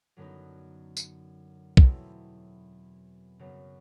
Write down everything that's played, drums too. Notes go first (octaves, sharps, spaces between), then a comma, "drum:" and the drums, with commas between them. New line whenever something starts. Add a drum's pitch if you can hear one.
F#2 D3 F#3 B3 D#4
drum: tambourine
E2 B2 F#3 A3 C4, drum: kick B1
F#2 C#3 F#3 B3